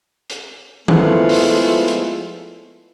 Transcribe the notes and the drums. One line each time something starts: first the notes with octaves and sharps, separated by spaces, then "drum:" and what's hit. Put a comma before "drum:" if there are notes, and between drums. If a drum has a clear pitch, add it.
drum: hi-hat
F3 G#3 A3 B3 E4 F4, drum: tom D#3
drum: open hi-hat
drum: hi-hat